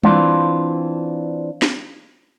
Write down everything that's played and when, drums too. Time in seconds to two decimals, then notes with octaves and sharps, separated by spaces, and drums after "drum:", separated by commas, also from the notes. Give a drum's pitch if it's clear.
0.04 E3 C4 D4 F4, drum: tom G3
1.62 drum: snare